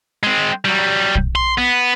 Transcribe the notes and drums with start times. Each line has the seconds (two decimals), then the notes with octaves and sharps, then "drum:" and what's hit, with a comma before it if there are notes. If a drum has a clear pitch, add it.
0.23 G#3 C4
0.65 F#3 G3
1.15 drum: kick
1.36 C6
1.58 B3